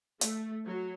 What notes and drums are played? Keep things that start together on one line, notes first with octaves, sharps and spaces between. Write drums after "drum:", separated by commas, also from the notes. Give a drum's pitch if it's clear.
A3, drum: hi-hat
F#3